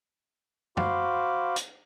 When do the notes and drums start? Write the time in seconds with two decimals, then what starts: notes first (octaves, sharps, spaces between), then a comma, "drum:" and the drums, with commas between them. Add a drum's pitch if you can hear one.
0.77 F#4 C5 F5 B5 C6 D6, drum: tom
1.56 drum: hi-hat